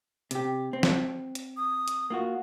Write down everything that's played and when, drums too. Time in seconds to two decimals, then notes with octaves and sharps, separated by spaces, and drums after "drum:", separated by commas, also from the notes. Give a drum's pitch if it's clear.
0.31 C3 G4, drum: hi-hat
0.73 C4
0.83 drum: snare
1.35 drum: hi-hat
1.57 D#6
1.88 drum: hi-hat
2.10 A#3 F4 F#4